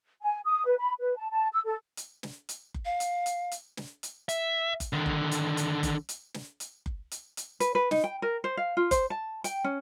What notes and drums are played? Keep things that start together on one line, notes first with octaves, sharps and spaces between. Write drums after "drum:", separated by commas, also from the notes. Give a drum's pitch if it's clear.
G#5
D#6
B4
B5
B4
A5
A5
E6
A4
drum: hi-hat
drum: snare
drum: hi-hat
drum: kick F#1
F5
drum: hi-hat
drum: hi-hat
drum: hi-hat
drum: snare
drum: hi-hat
E5, drum: hi-hat
drum: kick F#1, hi-hat
D3 D#3
drum: kick F#1
drum: hi-hat
drum: hi-hat
drum: kick F#1, hi-hat
drum: hi-hat
drum: snare
drum: hi-hat
drum: kick F#1
drum: hi-hat
drum: hi-hat
B4, drum: hi-hat
B4
D#4, drum: snare
G5
A#4
C5
F5
F4
C5, drum: kick F#1, hi-hat
A5
G5, drum: hi-hat
C#4